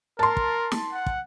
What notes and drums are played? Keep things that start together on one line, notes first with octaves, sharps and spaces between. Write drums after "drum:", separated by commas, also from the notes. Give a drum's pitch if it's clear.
A#4 A5 C6
drum: kick
drum: snare
F#5
drum: kick